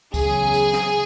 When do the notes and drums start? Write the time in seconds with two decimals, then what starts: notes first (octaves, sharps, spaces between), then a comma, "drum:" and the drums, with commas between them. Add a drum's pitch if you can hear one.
0.14 E2 C#3 F#3 G#4, drum: kick C#2, tambourine
0.54 drum: tambourine
0.73 drum: snare